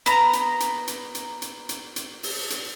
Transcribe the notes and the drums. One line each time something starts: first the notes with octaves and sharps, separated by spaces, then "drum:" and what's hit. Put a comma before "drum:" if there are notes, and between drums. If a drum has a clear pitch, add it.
B3 A#5, drum: hi-hat
drum: hi-hat
drum: hi-hat
drum: hi-hat
drum: hi-hat
drum: hi-hat
drum: hi-hat
drum: hi-hat
drum: open hi-hat
drum: hi-hat